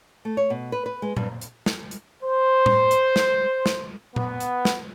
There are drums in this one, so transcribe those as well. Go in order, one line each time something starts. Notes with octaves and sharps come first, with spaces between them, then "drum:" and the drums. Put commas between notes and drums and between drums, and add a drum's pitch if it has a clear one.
A3
C#5
B2
B4
B4
G#3
G2, drum: tom A#2
drum: hi-hat
drum: snare
drum: hi-hat
C5
drum: tom A2
drum: hi-hat
drum: snare
drum: snare
B3, drum: tom A#2
drum: hi-hat
drum: snare